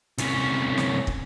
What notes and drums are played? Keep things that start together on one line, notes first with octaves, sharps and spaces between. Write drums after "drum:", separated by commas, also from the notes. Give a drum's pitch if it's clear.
C2 C#4, drum: hi-hat
drum: snare
drum: kick